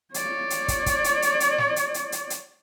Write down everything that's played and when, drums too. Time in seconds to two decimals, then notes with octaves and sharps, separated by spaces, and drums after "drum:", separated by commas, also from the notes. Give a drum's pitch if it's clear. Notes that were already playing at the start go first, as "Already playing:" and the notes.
0.14 C#5 D5, drum: hi-hat
0.50 drum: hi-hat
0.68 drum: kick, hi-hat
0.86 drum: kick, hi-hat
1.04 drum: hi-hat
1.22 drum: hi-hat
1.40 drum: hi-hat
1.58 drum: snare
1.76 drum: hi-hat
1.94 drum: hi-hat
2.12 drum: hi-hat
2.30 drum: hi-hat